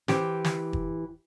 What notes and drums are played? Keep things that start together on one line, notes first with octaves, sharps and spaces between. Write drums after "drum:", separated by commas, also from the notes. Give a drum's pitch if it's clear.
E3 G4 C5, drum: snare
drum: snare
drum: kick